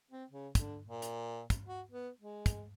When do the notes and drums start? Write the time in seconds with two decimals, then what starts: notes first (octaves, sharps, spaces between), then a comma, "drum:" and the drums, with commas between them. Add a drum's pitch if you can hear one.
0.11 C4
0.30 C#3
0.55 D3, drum: kick, hi-hat
0.85 A#2
1.02 drum: hi-hat
1.50 drum: kick, hi-hat
1.67 F#4
1.91 B3
2.20 G#3
2.46 drum: kick, hi-hat